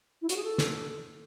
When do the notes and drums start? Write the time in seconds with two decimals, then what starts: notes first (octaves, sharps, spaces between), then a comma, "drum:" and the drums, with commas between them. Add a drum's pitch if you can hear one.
0.22 E4
0.29 F#4, drum: hi-hat
0.36 G#4
0.44 A4
0.58 drum: snare